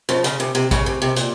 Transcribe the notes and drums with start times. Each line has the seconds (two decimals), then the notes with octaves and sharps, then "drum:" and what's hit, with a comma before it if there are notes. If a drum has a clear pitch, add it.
0.09 C#3 F3
0.24 C#3, drum: hi-hat
0.40 C3
0.55 C3
0.71 C#3, drum: kick, hi-hat
0.86 C3
1.02 C3
1.16 A#2, drum: hi-hat